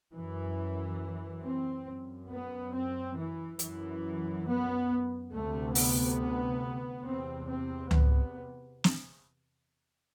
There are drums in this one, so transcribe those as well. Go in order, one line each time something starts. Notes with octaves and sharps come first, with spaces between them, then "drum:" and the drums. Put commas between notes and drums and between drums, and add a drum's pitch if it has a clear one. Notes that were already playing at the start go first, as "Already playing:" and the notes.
F#2 E3
C4
F#2
B3
C4
E3
F#2 E3, drum: hi-hat
B3
D2 C3 A3
B3, drum: open hi-hat
E2 C3 C4
C4
B3, drum: tom C#2
drum: snare